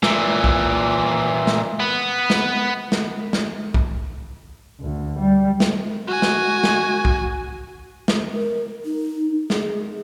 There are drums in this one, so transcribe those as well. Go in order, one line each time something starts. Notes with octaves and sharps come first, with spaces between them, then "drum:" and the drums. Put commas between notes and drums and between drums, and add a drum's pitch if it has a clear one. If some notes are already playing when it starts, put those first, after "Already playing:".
A#2 E3, drum: snare
drum: kick
drum: snare
B3 B4
drum: snare
drum: snare
drum: snare
drum: kick
D2
G3
drum: snare
F#4 G#5
drum: snare
drum: snare
drum: kick
drum: snare
A#4
D#4
G#4, drum: snare